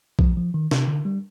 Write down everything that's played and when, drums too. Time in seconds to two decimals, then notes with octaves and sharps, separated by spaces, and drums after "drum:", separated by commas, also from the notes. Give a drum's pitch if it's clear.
0.19 F3, drum: kick A#1
0.37 F3
0.54 D#3
0.71 C3, drum: snare
0.88 D3
1.05 G3